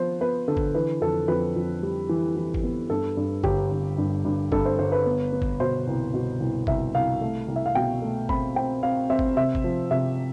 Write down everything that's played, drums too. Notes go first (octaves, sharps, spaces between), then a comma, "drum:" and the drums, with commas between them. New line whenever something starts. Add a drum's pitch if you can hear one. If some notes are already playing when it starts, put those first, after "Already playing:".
Already playing: F3 B3 C5
B3 B4
D3 A4
drum: kick G1
E3 B4
F2 A4
F2 B4
F2
G3
E3
E3
drum: kick G1
B3
G2 A4
G2
G1 G4, drum: kick G1
G1
G2
G2
G2 A4, drum: kick G1
C5
G1 C5
B4
B3
B3
drum: kick G1
B2 C5
C2
B2
C2
C2 E5, drum: kick G1
C2 F5
A3
C2
E5
F5
B2 G5
A3
C4 B5, drum: kick G1
C4 G5
C4 F5
C4 E5
drum: kick G1
C3 E5
drum: kick G1
F3
C3 E5